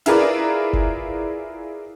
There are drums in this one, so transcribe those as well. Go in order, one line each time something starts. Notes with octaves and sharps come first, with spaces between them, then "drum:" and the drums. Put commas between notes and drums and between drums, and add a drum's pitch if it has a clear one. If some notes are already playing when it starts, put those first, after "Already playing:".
E4 F4 G#4 A#4 B4 D5, drum: hi-hat
drum: kick F#1